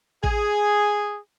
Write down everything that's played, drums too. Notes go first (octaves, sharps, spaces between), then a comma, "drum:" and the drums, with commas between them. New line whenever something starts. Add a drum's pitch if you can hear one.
G#4, drum: kick A1